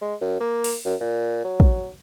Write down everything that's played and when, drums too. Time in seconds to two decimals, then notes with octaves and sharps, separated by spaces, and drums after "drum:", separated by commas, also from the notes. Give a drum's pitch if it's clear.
0.01 G#3
0.21 F#2
0.40 A#3
0.64 drum: open hi-hat
0.85 F#2
1.00 A#2
1.44 F#3
1.60 drum: kick